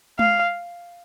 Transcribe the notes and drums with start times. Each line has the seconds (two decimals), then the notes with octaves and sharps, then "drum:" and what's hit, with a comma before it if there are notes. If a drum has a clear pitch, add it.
0.19 F5, drum: tom G#3